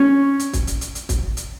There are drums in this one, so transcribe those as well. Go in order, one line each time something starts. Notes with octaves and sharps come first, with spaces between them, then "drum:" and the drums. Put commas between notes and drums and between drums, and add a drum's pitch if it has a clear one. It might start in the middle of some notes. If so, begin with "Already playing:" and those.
Already playing: C#4
drum: hi-hat
drum: kick, hi-hat
drum: hi-hat
drum: hi-hat
drum: hi-hat
drum: kick, hi-hat
drum: hi-hat